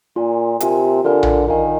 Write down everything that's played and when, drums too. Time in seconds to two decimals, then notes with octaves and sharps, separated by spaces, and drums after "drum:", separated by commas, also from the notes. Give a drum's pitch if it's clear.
0.16 A#2 F4 A#4 F5 G#5
0.60 C3 F4 A#4 F5 G#5, drum: hi-hat
1.04 D3 F4 A#4 F5 G#5
1.23 drum: tom A#1
1.48 D#3 F4 A#4 F5 G#5